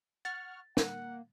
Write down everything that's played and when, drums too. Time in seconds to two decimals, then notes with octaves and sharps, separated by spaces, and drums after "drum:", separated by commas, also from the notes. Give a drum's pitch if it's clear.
0.25 F#5 C#6 F6 A6
0.77 A#3 F#5, drum: snare